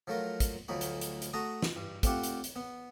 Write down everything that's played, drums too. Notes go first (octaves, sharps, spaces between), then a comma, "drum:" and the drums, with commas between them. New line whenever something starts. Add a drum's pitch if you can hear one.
F3 F#3 A3 F4 A#4
drum: kick, hi-hat
D2 F3 F#3 A3 D#4 B5
drum: hi-hat
drum: hi-hat
drum: hi-hat
A3 F#4 A5 A#5 D#6
drum: snare
G2
A3 C4 F4 G4 F#5, drum: kick, hi-hat
drum: hi-hat
drum: hi-hat
B3